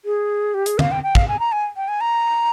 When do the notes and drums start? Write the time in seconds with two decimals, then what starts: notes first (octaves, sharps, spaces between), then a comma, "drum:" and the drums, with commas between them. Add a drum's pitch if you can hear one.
0.05 G#4
0.54 G4
0.66 G#4, drum: hi-hat
0.79 F5, drum: tom
0.91 G5
1.03 G5
1.15 F5, drum: kick
1.28 G#5
1.39 A#5
1.52 G#5
1.76 G5
1.88 G#5
2.01 A#5